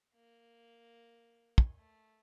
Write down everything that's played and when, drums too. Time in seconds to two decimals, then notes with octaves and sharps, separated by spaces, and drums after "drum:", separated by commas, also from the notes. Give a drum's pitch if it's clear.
0.15 A#3
1.58 drum: kick
1.78 A3